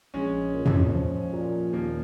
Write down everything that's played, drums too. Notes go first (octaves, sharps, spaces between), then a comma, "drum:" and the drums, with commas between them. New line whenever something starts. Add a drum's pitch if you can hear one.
A#1 G#3 C#4
A#2
drum: tom
F3
A#2
D#2 F3 A#3